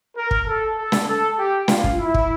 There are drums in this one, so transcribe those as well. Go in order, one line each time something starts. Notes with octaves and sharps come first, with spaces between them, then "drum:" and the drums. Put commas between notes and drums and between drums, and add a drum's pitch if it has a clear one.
A#4
drum: kick
A4
A4
drum: snare
A4
G4
F4, drum: snare
drum: kick
E4
drum: kick